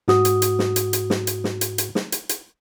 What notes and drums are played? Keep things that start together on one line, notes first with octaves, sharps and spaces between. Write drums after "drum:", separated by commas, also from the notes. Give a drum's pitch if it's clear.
G#2 F#4 D#6, drum: snare
drum: hi-hat
drum: hi-hat
drum: snare
drum: hi-hat
drum: hi-hat
drum: snare
drum: hi-hat
drum: snare
drum: hi-hat
drum: hi-hat
drum: snare
drum: hi-hat
drum: hi-hat